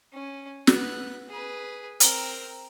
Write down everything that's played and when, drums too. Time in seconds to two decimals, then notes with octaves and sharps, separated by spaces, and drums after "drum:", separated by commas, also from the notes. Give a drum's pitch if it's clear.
0.13 C#4
0.67 B3 F#6, drum: snare
1.29 G#4 B4
2.00 C4 A#4, drum: hi-hat